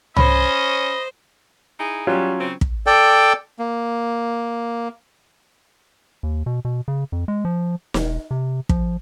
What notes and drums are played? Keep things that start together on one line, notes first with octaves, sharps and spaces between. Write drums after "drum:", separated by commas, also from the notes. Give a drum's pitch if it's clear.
C#4 C5 D#5 B5, drum: tom C2
D#4 E4 G#4
F#3 G3 C#4 F4
C#3 C4
drum: kick
A4 D5 G5
A#3
D#2
B2
B2
C#3
F2
G#3
F3
E1, drum: snare
C3
F3, drum: kick